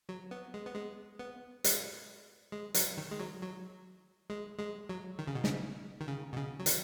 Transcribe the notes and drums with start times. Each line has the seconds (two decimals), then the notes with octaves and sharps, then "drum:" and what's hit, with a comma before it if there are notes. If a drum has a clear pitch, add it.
0.09 F#3
0.31 B3
0.54 G#3
0.66 B3
0.76 G#3
1.19 B3
1.64 G#3, drum: hi-hat
2.52 G#3
2.74 F#3, drum: hi-hat
2.97 D#3
3.11 G#3
3.20 F#3
3.42 F#3
4.30 G#3
4.59 G#3
4.89 F#3
5.19 D#3
5.27 C#3
5.35 B2
5.44 C#3, drum: snare
6.01 D#3
6.08 C#3
6.33 B2
6.37 C#3
6.59 F#3
6.66 D#3, drum: hi-hat